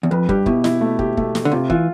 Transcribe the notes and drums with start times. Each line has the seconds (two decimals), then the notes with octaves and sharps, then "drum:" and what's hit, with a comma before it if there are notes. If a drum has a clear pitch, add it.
0.03 E2
0.11 F2 B4
0.29 G2 G4, drum: kick
0.46 B2 E4, drum: kick
0.64 E4, drum: snare
0.81 A3
0.99 G4, drum: kick
1.17 A3, drum: kick
1.35 A3, drum: snare
1.45 D3
1.52 C3 F4
1.70 E3 F4, drum: kick